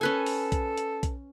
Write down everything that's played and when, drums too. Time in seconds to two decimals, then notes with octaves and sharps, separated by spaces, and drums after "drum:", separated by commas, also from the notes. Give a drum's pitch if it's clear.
0.01 C#4 A4 B4 G#5
0.26 drum: open hi-hat
0.52 drum: kick B1, hi-hat
0.77 drum: hi-hat
1.03 drum: kick B1, hi-hat